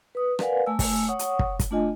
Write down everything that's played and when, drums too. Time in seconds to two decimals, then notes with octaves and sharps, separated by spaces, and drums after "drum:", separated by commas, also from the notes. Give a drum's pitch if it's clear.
0.15 B4 D#6
0.39 A#4 B4 D5 F5 F#5 G#5, drum: rim click
0.66 A3 G#5 E6
0.79 drum: kick, open hi-hat
1.08 C#5 F#5 C#6 D#6
1.19 drum: hi-hat
1.39 drum: kick
1.59 drum: kick, hi-hat
1.71 A3 D4 F4 D#5 G#5